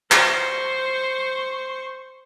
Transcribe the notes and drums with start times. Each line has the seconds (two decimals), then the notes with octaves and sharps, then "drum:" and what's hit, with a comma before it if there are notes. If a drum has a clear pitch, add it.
0.12 C5 C#6, drum: clap